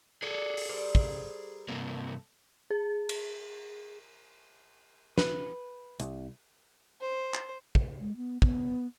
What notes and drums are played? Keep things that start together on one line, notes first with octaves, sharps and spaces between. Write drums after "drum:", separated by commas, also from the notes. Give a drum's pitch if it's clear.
D4 G#4 A4
drum: open hi-hat
G3 A#4 C5
drum: kick
G2 C3 A#3 A4
G#4
drum: cymbal
B4, drum: snare
C2, drum: hi-hat
C5
drum: clap
drum: kick
G#3
B3
B3, drum: kick